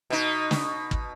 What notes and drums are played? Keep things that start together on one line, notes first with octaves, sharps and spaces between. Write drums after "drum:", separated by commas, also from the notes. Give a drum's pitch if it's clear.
B2 D#4
drum: snare
drum: kick